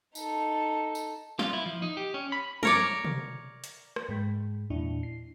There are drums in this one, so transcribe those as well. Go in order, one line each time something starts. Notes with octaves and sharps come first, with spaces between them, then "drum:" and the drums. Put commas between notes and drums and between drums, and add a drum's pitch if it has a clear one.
D#4 A4, drum: tambourine
drum: tambourine
F4, drum: snare
E4
F3
D#4
G4
C#4
B5
A#4 C#5 D5, drum: tom
drum: tom
drum: hi-hat
drum: rim click
G#2 G#3
E2 A#2 D4 E4
C7